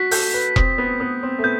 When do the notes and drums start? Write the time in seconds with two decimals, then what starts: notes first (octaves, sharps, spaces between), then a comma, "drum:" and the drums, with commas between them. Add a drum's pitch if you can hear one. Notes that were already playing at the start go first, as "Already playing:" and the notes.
Already playing: F#4 B6
0.11 A4 G6, drum: open hi-hat
0.34 B4
0.56 C4 D#6, drum: kick E1
0.78 B3
1.00 B3 D#6
1.23 C4
1.39 A3
1.44 B3 G6